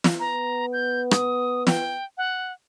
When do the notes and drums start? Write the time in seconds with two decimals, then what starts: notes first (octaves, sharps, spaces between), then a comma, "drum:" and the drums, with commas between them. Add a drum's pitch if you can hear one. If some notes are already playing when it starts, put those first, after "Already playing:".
0.04 drum: snare
0.20 B3 A#5
0.73 G6
1.11 D#6, drum: rim click
1.67 G5, drum: snare
2.18 F#5